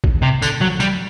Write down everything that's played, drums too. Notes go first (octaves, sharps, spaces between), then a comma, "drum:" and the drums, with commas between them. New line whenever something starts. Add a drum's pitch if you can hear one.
drum: kick
C3
D3, drum: tambourine
F#3
G3, drum: tambourine